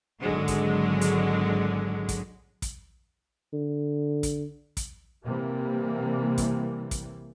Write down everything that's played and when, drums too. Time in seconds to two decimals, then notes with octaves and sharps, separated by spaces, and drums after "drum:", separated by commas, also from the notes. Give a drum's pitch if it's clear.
0.21 G#1 D3 F#3 G#3
0.48 drum: kick, hi-hat
1.01 drum: hi-hat
2.09 drum: kick, hi-hat
2.62 drum: kick, hi-hat
3.53 D3
4.23 drum: kick, hi-hat
4.77 drum: kick, hi-hat
5.24 C3 E3 G3 A#3
6.38 drum: kick, hi-hat
6.91 drum: kick, hi-hat